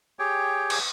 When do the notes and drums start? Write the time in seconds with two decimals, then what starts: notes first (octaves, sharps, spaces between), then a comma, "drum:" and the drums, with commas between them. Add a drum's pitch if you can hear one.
0.19 G4 G#4 C#5 G5
0.70 drum: cymbal